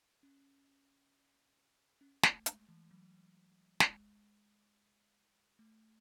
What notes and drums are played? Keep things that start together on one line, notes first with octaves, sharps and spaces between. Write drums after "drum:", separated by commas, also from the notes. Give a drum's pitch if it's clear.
C#4
C#4
A3, drum: snare
G#3, drum: hi-hat
E3
F#3
G#3, drum: snare
A3